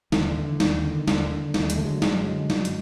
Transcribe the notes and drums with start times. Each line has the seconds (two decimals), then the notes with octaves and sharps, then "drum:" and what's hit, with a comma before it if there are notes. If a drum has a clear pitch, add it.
0.12 D#2 D3 E3, drum: snare
0.37 D3
0.60 D#2 D#3, drum: snare
0.84 D3
1.08 D#2 D3, drum: snare
1.31 D3
1.54 D#2 G#3, drum: snare
1.62 A3
1.70 G#3, drum: hi-hat
1.77 D3 A3
1.84 F#3 G#3
2.02 F#2 F#3 G#3, drum: snare
2.26 D3
2.50 F#2, drum: snare
2.65 drum: hi-hat